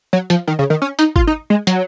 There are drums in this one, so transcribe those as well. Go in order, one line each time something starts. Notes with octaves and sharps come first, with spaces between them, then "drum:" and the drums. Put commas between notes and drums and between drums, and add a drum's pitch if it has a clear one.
F#3
F3, drum: hi-hat
D#3
C#3
D#3
C#4
D#4, drum: hi-hat
F4, drum: kick G#1
D#4
G#3
F#3, drum: hi-hat